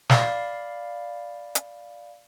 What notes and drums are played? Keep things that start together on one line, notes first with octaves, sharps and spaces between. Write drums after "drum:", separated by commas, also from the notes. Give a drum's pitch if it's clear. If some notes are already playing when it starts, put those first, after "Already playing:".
D5 F5 B5, drum: snare
drum: hi-hat